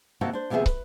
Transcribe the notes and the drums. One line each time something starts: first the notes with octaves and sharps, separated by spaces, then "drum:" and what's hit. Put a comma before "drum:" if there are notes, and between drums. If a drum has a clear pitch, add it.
C3 D#3 A#3 F#4 A4
D4 C5
D2 C3 F3 B3 G#4 E5
B4, drum: kick